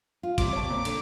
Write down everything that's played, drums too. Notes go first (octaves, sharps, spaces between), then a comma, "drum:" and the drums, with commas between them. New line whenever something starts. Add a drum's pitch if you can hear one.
F4
C3 G3 C6 D6, drum: kick, cymbal
C4 C#5 A5
A#2
D3, drum: cymbal